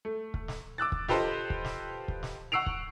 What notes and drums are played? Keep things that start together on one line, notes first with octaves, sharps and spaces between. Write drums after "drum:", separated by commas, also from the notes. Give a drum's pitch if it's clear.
A3
drum: kick
drum: snare
D6 E6 F#6 A6
drum: kick
F4 G4 A4 B4 C5 D#5, drum: snare
drum: kick
drum: snare
drum: kick
drum: snare
F#5 C#6 E6 C7 D7 F7
drum: kick